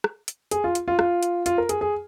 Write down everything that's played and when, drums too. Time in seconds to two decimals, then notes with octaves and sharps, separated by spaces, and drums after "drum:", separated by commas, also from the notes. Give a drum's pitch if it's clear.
0.04 drum: rim click
0.28 drum: hi-hat
0.51 G#4, drum: hi-hat
0.64 F4
0.75 drum: hi-hat
0.88 F4
0.99 F4, drum: rim click
1.23 drum: hi-hat
1.46 F4, drum: hi-hat
1.58 A#4
1.69 G#4, drum: hi-hat
1.81 G#4